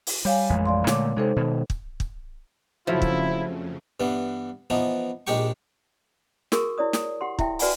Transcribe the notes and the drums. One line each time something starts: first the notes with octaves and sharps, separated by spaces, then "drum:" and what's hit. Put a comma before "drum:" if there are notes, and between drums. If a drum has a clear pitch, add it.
drum: open hi-hat
G3 C#5 F5 G#5
A1 F2 G#3
D5 F5 C6
A#2 D3 A3 C#5 D6, drum: snare
C3 G#3 D#4 A4 C5
B2 D#3
drum: kick
drum: kick
F2 C#3 F3 F#3 A3 E4 C5
drum: kick
G2 E3 B3
E3 F3 B3 D#4
A#1 G#3 D#4 G4 G5 C#6
F#4 G#4 A#4 C#6 D#6, drum: snare
E4 C#5 D5 D#6
D#6, drum: snare
G4 F#5 C6
E4 E5 G5, drum: kick
F#4 B4 D5 F#5 G#5 B5, drum: open hi-hat